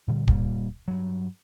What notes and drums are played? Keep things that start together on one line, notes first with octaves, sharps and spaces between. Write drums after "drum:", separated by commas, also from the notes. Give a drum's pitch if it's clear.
A#2 D3 G3
A#2 G3 A#3, drum: kick
G2 F#3